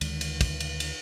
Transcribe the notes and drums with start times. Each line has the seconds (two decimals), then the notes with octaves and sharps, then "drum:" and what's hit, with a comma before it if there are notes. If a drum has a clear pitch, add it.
0.01 D2 D#3 G#3, drum: cymbal
0.21 drum: cymbal
0.41 drum: kick, cymbal
0.60 drum: cymbal
0.80 drum: cymbal